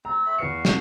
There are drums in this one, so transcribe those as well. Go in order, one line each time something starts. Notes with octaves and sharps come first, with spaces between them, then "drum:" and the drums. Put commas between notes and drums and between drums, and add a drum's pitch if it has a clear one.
C4 A#5
A3 C4 B5
E2 F#4 B4 F5 C#7
C2, drum: snare